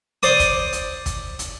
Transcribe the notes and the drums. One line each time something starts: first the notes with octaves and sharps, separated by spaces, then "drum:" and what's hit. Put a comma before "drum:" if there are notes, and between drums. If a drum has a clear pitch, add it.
C5 D5 D#6
drum: kick, hi-hat
drum: hi-hat
drum: kick, hi-hat
drum: hi-hat